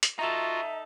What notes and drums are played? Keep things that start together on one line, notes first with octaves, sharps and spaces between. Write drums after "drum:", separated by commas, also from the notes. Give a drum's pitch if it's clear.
drum: hi-hat
D#4 F4 F#4 A4 E5 A#5